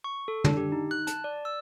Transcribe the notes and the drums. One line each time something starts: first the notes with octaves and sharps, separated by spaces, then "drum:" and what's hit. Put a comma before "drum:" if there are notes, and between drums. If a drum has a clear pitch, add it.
C#6
A4
D4, drum: tom
G4
D#4
F#6
A5, drum: hi-hat
D5
E6